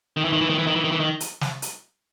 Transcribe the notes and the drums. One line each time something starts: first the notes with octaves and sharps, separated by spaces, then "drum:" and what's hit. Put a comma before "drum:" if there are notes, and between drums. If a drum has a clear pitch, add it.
D#3
E3
D#3
E3
D#3
E3
D#3
E3
D#3
E3
D#3
drum: hi-hat
drum: snare
drum: hi-hat